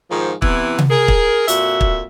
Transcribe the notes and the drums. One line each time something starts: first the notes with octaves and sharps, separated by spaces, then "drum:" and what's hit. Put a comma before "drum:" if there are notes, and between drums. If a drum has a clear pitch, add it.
G#2 D#3 F3
C3 E3 B3 E4, drum: kick
drum: tom C3
G#4 A#4
drum: kick
F2 A#2 F#4 E5, drum: hi-hat
drum: kick